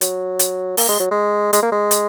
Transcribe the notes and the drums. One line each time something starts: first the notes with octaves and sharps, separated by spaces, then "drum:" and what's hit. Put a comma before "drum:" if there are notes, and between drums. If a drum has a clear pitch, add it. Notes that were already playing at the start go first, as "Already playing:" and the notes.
F#3, drum: hi-hat
drum: hi-hat
A#3, drum: open hi-hat
G#3
F#3
G#3
G#3, drum: hi-hat
A#3
G#3
drum: hi-hat